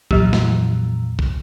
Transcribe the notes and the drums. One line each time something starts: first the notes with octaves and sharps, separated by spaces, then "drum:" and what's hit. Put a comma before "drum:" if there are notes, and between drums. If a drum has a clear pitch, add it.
F2 A#2 E3 F#3 G4, drum: kick A#1
drum: snare
drum: kick A#1